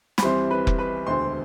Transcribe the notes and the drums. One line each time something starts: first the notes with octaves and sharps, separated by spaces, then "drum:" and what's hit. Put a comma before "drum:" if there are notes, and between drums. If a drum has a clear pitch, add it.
B5, drum: snare
C2 C3 E3 G3 C5 C6
B4 B5
drum: kick F1
B4 B5
E1 D2 D3 C5 C6